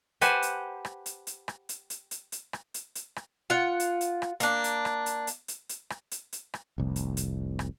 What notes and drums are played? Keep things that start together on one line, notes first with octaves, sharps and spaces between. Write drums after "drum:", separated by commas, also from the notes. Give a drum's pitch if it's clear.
G4 B4 C5 F#5 G#5 A5, drum: hi-hat
drum: hi-hat
drum: rim click
drum: hi-hat
drum: hi-hat
drum: rim click
drum: hi-hat
drum: hi-hat
drum: hi-hat
drum: hi-hat
drum: rim click
drum: hi-hat
drum: hi-hat
drum: rim click
F4 F#5
drum: hi-hat
drum: hi-hat
drum: rim click
A#3 D4, drum: hi-hat
drum: hi-hat
drum: rim click
drum: hi-hat
drum: hi-hat
drum: hi-hat
drum: hi-hat
drum: rim click
drum: hi-hat
drum: hi-hat
drum: rim click
F1 C2
drum: hi-hat
drum: hi-hat
drum: rim click